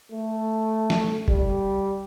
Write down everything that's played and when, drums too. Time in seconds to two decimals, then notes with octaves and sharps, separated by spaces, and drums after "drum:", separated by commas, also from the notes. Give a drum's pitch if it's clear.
0.12 A3
0.90 drum: snare
1.28 G3, drum: kick